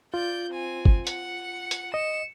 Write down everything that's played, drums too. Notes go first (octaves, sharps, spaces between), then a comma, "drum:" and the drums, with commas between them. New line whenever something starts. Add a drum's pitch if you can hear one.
F4 D5 G6
C4 G#5
drum: kick G1
F#5 C#7, drum: hi-hat
drum: hi-hat
D#5 C#7 E7